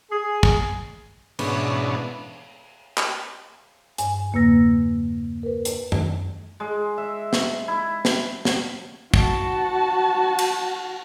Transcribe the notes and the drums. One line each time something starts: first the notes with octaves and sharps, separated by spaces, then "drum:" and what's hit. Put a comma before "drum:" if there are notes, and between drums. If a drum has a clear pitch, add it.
G#4
drum: kick
G#2 B2 E3 B3 C#4 D4, drum: cymbal
drum: clap
G2 G#5, drum: hi-hat
E2 C#3 A#3 B4 E6 A#6
A#4 B4
drum: hi-hat
drum: tom F#2
G#3
E5
drum: snare
E4
drum: snare
drum: snare
F#4 A5, drum: kick
drum: cymbal